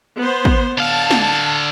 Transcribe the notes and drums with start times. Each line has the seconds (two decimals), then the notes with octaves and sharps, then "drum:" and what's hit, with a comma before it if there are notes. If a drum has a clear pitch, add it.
0.18 B3 C5
0.45 drum: kick
0.78 D3 F5 A5
1.11 drum: snare